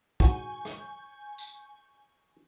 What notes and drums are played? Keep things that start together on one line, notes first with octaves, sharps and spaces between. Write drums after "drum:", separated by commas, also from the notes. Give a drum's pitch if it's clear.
G#2 F#4 G#5 C#6 G6, drum: kick
drum: rim click
drum: tambourine